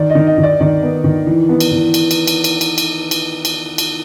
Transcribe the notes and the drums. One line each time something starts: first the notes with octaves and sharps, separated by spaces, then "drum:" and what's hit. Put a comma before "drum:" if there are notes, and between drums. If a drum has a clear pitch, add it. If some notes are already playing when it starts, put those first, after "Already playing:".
Already playing: D#3 D5
D#5
D#3
D#5
D#3
D5
D#3 D5
B3
D#3
E3
B3
drum: cymbal
E3
drum: cymbal
drum: cymbal
drum: cymbal
drum: cymbal
drum: cymbal
drum: cymbal
drum: cymbal
drum: cymbal
drum: cymbal